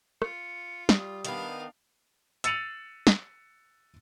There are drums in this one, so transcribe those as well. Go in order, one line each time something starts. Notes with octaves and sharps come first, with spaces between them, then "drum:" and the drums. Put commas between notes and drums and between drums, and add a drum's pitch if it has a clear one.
F4 C#7, drum: rim click
G3 D#6, drum: snare
D#3 B3 D4 F5, drum: hi-hat
E6 A6 C#7 D#7 F7 F#7, drum: hi-hat
drum: snare